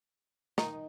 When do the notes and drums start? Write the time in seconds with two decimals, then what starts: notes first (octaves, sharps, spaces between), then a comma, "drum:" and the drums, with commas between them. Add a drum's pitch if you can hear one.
0.58 D#3 D#4, drum: snare